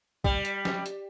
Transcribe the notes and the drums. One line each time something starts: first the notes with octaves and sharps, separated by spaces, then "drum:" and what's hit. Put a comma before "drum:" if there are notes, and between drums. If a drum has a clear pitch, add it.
G3, drum: kick
drum: hi-hat
drum: snare
drum: hi-hat